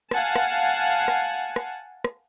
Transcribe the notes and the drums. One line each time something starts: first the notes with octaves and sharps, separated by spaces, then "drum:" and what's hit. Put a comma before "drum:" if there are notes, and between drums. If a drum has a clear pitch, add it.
F5 F#5 G#5 A5, drum: rim click
drum: rim click
drum: rim click
drum: rim click
drum: rim click